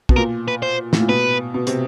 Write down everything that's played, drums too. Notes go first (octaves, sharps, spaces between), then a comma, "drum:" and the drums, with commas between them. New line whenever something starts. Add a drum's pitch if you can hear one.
B2, drum: kick
A#2 A#4
B4
C5
A2, drum: snare
A#2
B2 B4
B2
C3, drum: hi-hat